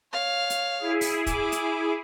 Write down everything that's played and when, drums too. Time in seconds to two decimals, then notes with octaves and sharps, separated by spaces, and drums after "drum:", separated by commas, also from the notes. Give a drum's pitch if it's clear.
0.12 C#5 F5
0.50 drum: hi-hat
0.79 E4 G#4
1.01 drum: open hi-hat
1.26 G#5 D6, drum: kick, hi-hat
1.52 drum: hi-hat